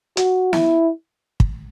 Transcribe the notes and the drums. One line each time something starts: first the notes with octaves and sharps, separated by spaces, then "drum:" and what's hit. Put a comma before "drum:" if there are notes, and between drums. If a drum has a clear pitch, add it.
F#4, drum: hi-hat
E4, drum: snare
drum: kick